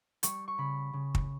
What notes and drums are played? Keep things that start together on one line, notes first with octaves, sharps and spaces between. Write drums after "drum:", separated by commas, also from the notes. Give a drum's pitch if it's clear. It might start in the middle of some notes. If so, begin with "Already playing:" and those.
G3 C#6, drum: hi-hat
C#6
C#3 B5
C#3
drum: kick